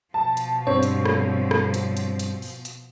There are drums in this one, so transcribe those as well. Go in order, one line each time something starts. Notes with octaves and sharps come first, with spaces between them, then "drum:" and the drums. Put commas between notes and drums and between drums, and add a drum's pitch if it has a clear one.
B2 F3 A5
drum: hi-hat
G2 G3 C4 C#5
drum: hi-hat
drum: rim click
drum: rim click
drum: hi-hat
drum: hi-hat
drum: hi-hat
drum: open hi-hat
drum: hi-hat